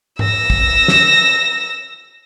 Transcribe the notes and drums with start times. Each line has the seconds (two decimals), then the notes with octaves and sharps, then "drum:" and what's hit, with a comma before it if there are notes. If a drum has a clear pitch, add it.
0.19 E6 A#6, drum: tom G#2
0.50 drum: kick
0.88 drum: snare